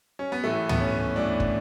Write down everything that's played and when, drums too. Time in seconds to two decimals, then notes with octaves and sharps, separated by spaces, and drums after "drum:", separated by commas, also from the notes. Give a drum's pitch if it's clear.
0.19 C#4
0.32 B3
0.44 A2 E3 A3
0.69 B3, drum: tom
0.80 C#4
1.16 A2 E3 D4
1.40 drum: kick